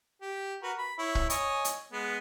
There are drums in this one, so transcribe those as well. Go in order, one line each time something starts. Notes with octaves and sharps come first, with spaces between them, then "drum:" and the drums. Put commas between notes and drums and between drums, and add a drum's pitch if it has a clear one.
G4
F#4 A#4 B4
B5
E4 C#5
drum: kick
C#5 D#5 G#5, drum: hi-hat
drum: hi-hat
G#3 B3